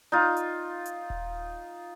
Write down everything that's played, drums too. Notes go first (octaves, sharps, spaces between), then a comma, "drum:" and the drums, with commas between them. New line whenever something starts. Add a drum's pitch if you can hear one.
D#4 F4
drum: hi-hat
drum: hi-hat
drum: kick D#1